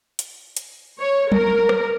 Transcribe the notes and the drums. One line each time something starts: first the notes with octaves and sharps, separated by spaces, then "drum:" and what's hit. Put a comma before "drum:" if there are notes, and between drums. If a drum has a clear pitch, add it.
drum: hi-hat
drum: hi-hat
C#5
A#4, drum: tom
drum: rim click